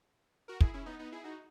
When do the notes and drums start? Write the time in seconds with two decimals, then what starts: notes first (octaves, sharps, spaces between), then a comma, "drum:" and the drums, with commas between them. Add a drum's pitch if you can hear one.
0.48 F#4 A#4
0.61 E4 G#4, drum: kick
0.74 C#4 E4
0.86 B3 D#4
0.99 B3 D#4
1.12 E4 G#4
1.24 D#4 F#4